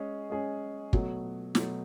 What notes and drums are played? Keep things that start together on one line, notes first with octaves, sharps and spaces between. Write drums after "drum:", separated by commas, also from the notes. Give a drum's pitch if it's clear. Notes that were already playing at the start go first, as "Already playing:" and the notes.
Already playing: G#3 C#4 G#4
G#3 C#4 G#4
B2 F#3 A3, drum: kick
B2 F#3 A3, drum: snare